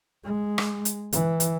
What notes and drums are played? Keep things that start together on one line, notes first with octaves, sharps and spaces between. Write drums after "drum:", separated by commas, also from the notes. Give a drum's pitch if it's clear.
G#3
drum: rim click
drum: hi-hat
E3, drum: hi-hat
drum: hi-hat